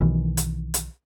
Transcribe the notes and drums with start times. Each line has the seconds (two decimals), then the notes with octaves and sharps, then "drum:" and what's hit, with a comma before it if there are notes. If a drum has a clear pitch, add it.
0.01 B1 B2 D#3 E3
0.37 drum: hi-hat
0.74 drum: hi-hat